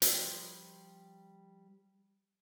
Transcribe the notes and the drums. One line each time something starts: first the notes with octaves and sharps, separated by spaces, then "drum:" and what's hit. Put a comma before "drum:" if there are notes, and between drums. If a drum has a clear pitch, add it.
F3 G3, drum: hi-hat